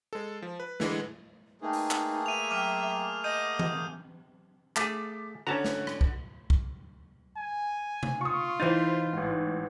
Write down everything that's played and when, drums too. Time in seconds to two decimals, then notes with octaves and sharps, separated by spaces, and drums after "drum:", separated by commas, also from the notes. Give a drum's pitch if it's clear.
0.13 G#3 A4
0.42 F3
0.60 B4
0.80 D3 E3 G#3, drum: snare
1.61 A3 A#3 D#4 G#4 B4 G5 A5
1.73 drum: open hi-hat
1.91 drum: clap
2.26 E5 D#7 F7
2.51 F#3 G5 A#5 D6 F6 D#7
3.24 D#5 F#5 D#6 G6 D#7
3.59 drum: tom E3
4.76 A3 G#4 D6 A6 B6, drum: clap
5.47 D3 C#4 F#4 A5 A#5
5.64 drum: snare
5.87 drum: rim click
6.01 drum: kick B1
6.50 drum: kick B1
7.37 G#5
8.03 drum: tom C3
8.21 F4 C#6 D#6
8.60 E3 D#4 E4 C5 A6
9.13 A1 G#2